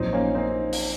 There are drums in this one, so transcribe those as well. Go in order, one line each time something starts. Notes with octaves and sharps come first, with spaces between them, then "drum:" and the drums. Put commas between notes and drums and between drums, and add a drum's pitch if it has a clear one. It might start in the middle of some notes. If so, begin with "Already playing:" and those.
Already playing: A#1 A#2 F#3 C4 D#4
A#3 C#4
C4 D#4
drum: open hi-hat